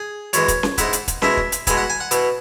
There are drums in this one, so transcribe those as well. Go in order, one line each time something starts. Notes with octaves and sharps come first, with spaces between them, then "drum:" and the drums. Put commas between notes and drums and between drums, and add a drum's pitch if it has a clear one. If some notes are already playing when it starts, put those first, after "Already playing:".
Already playing: G#4
F#2 E3 G#3 C#5, drum: hi-hat
drum: kick, hi-hat
drum: snare C#4
G#2 G#3 E4 F#5, drum: kick, hi-hat
drum: hi-hat
drum: kick, hi-hat
B2 G#3 E4 E5, drum: snare C#4
drum: kick
drum: hi-hat
B2 G#3 B3 E4 G#5, drum: kick, hi-hat
F#5
G#5
F#5
B2 B3 E4, drum: hi-hat